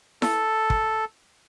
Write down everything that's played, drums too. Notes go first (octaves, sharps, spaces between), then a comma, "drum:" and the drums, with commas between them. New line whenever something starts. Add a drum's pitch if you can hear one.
A4, drum: snare E4
drum: kick